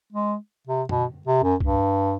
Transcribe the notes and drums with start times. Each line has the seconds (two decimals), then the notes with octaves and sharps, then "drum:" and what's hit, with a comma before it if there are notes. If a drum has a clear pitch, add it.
0.13 G#3
0.67 C3
0.89 B2, drum: tom
1.28 C3
1.43 F#2
1.60 G2, drum: kick C2